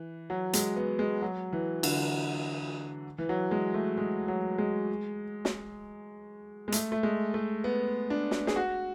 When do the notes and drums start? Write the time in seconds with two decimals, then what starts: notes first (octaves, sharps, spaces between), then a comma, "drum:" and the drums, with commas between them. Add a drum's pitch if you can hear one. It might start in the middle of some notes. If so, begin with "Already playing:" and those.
Already playing: E3
0.30 F#3
0.53 G#3, drum: hi-hat
0.76 B3
0.99 G#3
1.22 F#3
1.53 E3
1.83 D3, drum: cymbal
3.18 E3
3.29 F#3
3.51 G#3
3.74 A3
3.98 G#3
4.28 F#3
4.58 G#3
5.45 drum: snare
6.68 G#3
6.72 A3, drum: hi-hat
6.92 A3
7.03 G#3
7.34 A3
7.64 B3
8.10 D4
8.31 drum: snare
8.47 G#4, drum: snare
8.56 F#4